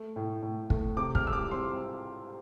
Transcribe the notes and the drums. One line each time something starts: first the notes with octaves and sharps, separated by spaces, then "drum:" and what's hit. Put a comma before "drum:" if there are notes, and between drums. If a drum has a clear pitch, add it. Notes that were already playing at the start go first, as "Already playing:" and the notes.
Already playing: A3
A2
A2
A3, drum: kick
C3 D6
F6, drum: kick
G3 E6
D6
C4 C6